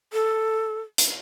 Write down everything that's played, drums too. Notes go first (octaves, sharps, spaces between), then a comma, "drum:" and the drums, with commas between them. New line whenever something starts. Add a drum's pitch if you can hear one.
A4
drum: hi-hat